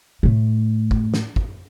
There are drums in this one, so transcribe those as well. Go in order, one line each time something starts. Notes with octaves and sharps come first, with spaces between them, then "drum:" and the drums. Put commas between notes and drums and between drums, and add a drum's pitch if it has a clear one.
A2 A3
drum: kick
drum: snare
drum: kick